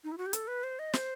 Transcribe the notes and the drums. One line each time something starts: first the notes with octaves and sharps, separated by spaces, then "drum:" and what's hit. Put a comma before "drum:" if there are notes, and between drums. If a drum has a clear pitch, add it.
D#4
E4
F#4
G4
A4, drum: hi-hat
B4
C5
D#5
C5, drum: snare